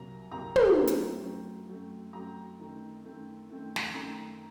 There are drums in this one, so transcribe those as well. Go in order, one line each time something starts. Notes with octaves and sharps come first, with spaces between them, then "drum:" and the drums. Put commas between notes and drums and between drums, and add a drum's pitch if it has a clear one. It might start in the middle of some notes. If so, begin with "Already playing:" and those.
Already playing: C2 C3 F#3 A#3 A#5
C2 C3 F#3 A#3 A#5
drum: tom
F#2 F#3 A3 C4
drum: hi-hat
F#2 F#3 A3 C4
F#2 F#3 A3 C4
F#2 F#3 A3 C4 A#5
F#2 D#3 A3 C4
F#2 D#3 A3 C4
F#2 D#3 A3 C4
drum: snare
F#2 D#3 A3 C4 A#5